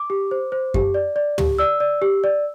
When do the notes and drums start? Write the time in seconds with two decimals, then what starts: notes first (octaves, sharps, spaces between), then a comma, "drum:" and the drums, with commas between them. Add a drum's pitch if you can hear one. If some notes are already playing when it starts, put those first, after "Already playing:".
Already playing: D6
0.10 G4
0.31 C5
0.52 C5
0.74 G4, drum: kick F#2
0.94 D5
1.16 D5
1.38 G4, drum: tom
1.59 D5 E6
1.80 D5
2.02 G4
2.24 D5